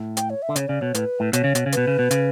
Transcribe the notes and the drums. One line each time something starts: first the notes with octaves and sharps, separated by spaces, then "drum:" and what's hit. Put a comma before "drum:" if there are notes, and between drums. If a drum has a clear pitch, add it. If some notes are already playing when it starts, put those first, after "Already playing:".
Already playing: A2
G5, drum: hi-hat
C#5
E5
D3
C#3 C#5, drum: hi-hat
C#3 D5
B2 C#5
A2 B4, drum: hi-hat
A2
B2 C#5, drum: hi-hat
C#3
B2, drum: hi-hat
C#3
B2 B4, drum: hi-hat
C#3
B2
C#3, drum: hi-hat